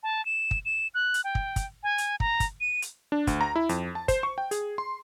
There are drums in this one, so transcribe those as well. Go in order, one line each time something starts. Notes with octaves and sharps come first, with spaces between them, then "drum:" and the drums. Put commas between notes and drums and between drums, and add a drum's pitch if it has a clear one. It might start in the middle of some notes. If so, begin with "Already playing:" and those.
A5
E7
drum: kick
E7
F#6
drum: hi-hat
G5
drum: kick
drum: kick, hi-hat
G#5
drum: hi-hat
A#5, drum: kick
drum: kick, hi-hat
D#7
drum: hi-hat
D4
D2, drum: kick, hi-hat
A#5
E4
F2, drum: hi-hat
A5
C5, drum: kick, hi-hat
C#6
G5
G#4, drum: hi-hat
C6